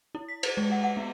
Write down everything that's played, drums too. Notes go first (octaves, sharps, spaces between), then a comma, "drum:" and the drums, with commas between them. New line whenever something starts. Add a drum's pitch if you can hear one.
E4
B6
C5, drum: cymbal
G#3
F#5
F#5
B3